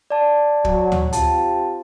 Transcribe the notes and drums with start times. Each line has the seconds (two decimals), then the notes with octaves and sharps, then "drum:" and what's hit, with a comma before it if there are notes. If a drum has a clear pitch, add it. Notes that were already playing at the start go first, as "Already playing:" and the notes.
0.10 D5 A5
0.65 F#3, drum: kick
0.92 drum: tom D2
1.13 C4 F4 G4 A5, drum: hi-hat